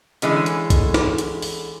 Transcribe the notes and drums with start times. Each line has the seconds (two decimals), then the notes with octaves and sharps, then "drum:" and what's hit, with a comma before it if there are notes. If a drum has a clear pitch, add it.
0.22 D3 E3 G#3 C#4, drum: hi-hat
0.46 drum: hi-hat
0.70 drum: kick B1, hi-hat
0.94 drum: snare
1.18 drum: hi-hat
1.42 drum: open hi-hat